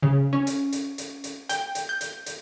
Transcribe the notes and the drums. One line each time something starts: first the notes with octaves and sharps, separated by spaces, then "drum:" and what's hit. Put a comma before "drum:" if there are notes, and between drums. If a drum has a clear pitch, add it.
C#3
C#4
drum: hi-hat
drum: hi-hat
drum: hi-hat
drum: hi-hat
G5, drum: hi-hat
drum: hi-hat
G6
drum: hi-hat
drum: hi-hat